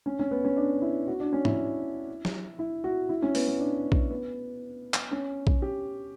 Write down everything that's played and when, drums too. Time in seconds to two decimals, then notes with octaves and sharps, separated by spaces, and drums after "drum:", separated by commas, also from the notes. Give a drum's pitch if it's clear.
0.06 C#4
0.19 C#4
0.31 B3
0.45 C#4
0.57 D4
0.82 E4
1.07 F#4
1.20 D4
1.33 C#4
1.45 E4, drum: tom
2.25 drum: snare
2.59 E4
2.84 F#4
3.09 E4
3.22 C#4
3.35 B3, drum: open hi-hat
3.48 B3
3.60 D4
3.92 drum: kick A#1
4.10 B3
4.94 drum: clap
5.11 C#4
5.47 drum: kick A#1
5.62 G4